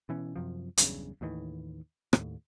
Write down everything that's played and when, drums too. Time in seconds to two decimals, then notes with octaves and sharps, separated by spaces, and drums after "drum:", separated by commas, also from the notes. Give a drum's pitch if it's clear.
0.09 B2 E3 C#4
0.36 F#2 C3 F3
0.77 E1 B1 G2 C#3, drum: hi-hat
1.21 D#2 A2 D#3 E3
2.13 D#2 A2, drum: rim click